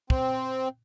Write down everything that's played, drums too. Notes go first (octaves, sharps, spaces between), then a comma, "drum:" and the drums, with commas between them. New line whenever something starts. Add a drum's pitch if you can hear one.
C4, drum: kick